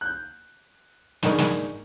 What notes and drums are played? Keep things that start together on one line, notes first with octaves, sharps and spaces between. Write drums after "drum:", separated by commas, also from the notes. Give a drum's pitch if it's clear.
F#6 G6
G#2 D4 D#4 G#4 A#4 C#6, drum: snare
drum: snare